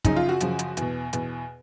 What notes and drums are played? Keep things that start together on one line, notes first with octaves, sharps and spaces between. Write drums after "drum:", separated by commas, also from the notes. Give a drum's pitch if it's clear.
F#2 C#3 F3 D#4, drum: kick, hi-hat
F4
F#4
F#2 C#3 F3, drum: hi-hat
drum: hi-hat
E2 B2, drum: hi-hat
E2 B2, drum: hi-hat